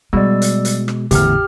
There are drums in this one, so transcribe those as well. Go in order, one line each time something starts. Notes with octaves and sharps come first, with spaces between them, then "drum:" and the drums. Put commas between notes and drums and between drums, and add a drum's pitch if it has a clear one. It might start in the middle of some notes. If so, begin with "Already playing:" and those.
B2 G3 G#3 D5 E6
drum: hi-hat
drum: hi-hat
drum: rim click
G#1 E2 A2 D3 G4 F6, drum: hi-hat